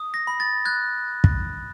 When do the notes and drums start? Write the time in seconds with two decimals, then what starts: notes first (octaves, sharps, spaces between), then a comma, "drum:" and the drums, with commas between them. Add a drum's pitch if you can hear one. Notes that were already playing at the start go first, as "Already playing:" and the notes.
Already playing: D#6
0.14 A#6
0.27 B5
0.40 A6
0.65 F#6 G#6
1.24 drum: kick